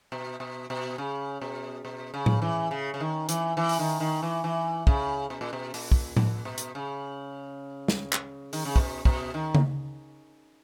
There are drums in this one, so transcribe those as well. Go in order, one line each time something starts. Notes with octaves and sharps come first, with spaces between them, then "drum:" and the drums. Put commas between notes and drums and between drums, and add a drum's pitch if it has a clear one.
B2
B2
B2
C#3
B2
B2
C#3
drum: tom A2
E3
C#3
C#3
D#3
E3, drum: hi-hat
E3
drum: open hi-hat
D#3
D#3
E3
E3
C#3, drum: kick
B2
A#2
B2
A#2, drum: open hi-hat
drum: kick
A#2, drum: tom A2
B2
drum: hi-hat
C#3
drum: snare
drum: clap
D#3, drum: open hi-hat
C#3
B2, drum: kick
B2, drum: kick
D#3
drum: tom C#3